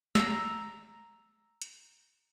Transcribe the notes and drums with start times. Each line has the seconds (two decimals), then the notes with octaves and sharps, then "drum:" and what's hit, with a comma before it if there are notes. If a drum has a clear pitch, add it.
0.15 A#5 E6, drum: snare
1.62 drum: hi-hat